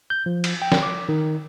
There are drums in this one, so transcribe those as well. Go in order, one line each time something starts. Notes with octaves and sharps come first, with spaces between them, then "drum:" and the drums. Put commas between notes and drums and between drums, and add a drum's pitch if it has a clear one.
G6
F3
drum: cymbal
G5
drum: snare
D6
D#3